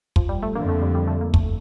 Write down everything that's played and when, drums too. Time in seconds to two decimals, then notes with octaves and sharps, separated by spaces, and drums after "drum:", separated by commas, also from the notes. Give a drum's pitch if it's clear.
0.16 F3, drum: kick
0.29 G3
0.43 A3
0.55 F2 D3 F3 A#3
0.69 A3
0.82 G3
0.95 G3
1.08 A3
1.21 A#3
1.34 A3, drum: kick